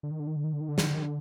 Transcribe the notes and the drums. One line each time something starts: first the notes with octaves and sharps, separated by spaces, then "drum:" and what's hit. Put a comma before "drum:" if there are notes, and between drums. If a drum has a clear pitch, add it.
D3
D#3
D3
D#3
D3
D#3
D3
D#3
D3
D#3, drum: snare
D3
D#3
D3